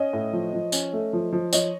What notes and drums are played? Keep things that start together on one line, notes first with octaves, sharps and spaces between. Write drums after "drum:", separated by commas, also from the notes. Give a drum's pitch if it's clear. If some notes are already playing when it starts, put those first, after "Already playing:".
Already playing: C#4 C#5 D#5
A2
F3
F3
C#4, drum: tambourine
A3
F3
F3
F3 C#5 D#5, drum: tambourine